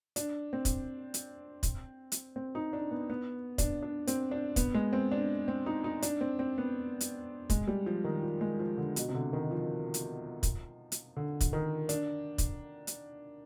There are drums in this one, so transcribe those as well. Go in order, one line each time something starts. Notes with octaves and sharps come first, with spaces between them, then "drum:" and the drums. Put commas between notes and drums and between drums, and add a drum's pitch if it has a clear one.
D4, drum: hi-hat
C4
drum: kick, hi-hat
drum: hi-hat
drum: kick, hi-hat
drum: hi-hat
C4
D#4
D4
B3
B3
D4, drum: kick, hi-hat
D4
C4, drum: hi-hat
D4
B3, drum: kick, hi-hat
G#3
C4
D4
C4
D#4
D#4
D4, drum: hi-hat
C4
C4
B3
drum: hi-hat
G#3, drum: kick, hi-hat
G3
F3
D#3
F3
G#3
F3
D3
B2, drum: hi-hat
C3
D3
D#3
F3
drum: hi-hat
drum: kick, hi-hat
drum: hi-hat
D3
drum: kick, hi-hat
D#3
D4, drum: hi-hat
drum: kick, hi-hat
drum: hi-hat